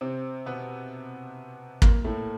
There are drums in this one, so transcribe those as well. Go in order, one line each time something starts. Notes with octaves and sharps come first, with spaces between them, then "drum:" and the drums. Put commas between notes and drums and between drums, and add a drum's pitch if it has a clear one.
C3 C4
B2 B3
A#2 A#3, drum: kick
A2 A3